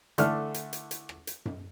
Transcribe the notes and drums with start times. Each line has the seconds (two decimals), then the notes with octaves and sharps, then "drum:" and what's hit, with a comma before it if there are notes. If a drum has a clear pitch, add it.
0.18 D3 E3 A3 D4 F6, drum: hi-hat
0.54 drum: hi-hat
0.73 drum: hi-hat
0.91 drum: hi-hat
1.09 drum: rim click
1.27 drum: hi-hat
1.45 drum: tom F#2